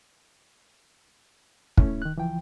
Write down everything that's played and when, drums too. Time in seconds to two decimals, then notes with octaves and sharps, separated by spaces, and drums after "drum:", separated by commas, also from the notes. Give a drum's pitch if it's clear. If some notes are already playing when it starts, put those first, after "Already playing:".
1.77 A3 C#4 E4, drum: kick
2.02 D#3 F#6
2.16 C#2 E3 F3 G5